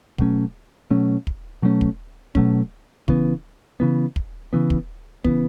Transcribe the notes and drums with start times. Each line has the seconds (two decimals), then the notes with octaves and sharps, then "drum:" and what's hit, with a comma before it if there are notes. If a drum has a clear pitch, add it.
0.18 B2 F#3 A3 C#4, drum: kick
0.91 B2 F#3 A3 C#4
1.27 drum: kick
1.62 B2 F#3 A3 C#4
1.81 drum: kick
2.35 B2 F#3 A3 C#4, drum: kick
3.08 C#3 E3 B3, drum: kick
3.80 C#3 E3 B3
4.16 drum: kick
4.53 C#3 E3 B3
4.70 drum: kick
5.24 C#3 E3 B3, drum: kick